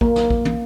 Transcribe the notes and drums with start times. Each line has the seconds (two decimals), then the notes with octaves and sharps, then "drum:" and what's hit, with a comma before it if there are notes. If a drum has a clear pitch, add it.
0.01 A#3, drum: kick A#1
0.16 drum: snare
0.30 drum: kick A#1
0.45 drum: tom